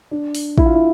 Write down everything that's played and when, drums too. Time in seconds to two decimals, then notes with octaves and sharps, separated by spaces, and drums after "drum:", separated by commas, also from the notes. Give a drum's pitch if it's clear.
0.11 D4
0.35 drum: open hi-hat
0.58 E4, drum: kick
0.66 F4
0.74 E4